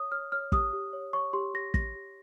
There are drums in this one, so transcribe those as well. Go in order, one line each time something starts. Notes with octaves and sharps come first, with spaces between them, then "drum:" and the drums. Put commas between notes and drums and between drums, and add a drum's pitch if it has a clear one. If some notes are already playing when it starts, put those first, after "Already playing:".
Already playing: C#5 D#6
C#5 F6
C#5 F6
G4 D#6, drum: kick
G4
C#5
C#5 C#6
G4 C6
G4 A#6
G4 A#6, drum: kick
G4